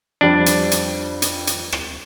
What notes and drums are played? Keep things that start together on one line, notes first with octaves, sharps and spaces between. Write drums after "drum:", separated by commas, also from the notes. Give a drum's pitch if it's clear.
F2 G3 C4 D4
drum: hi-hat
drum: hi-hat
drum: hi-hat
drum: hi-hat
drum: rim click